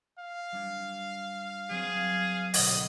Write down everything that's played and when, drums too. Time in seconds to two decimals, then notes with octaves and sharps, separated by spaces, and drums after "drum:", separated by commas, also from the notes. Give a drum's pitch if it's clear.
0.19 F5
0.52 G3 D4 G#6
1.70 F#3 C4 G#4
2.54 D2 B2 D#5, drum: open hi-hat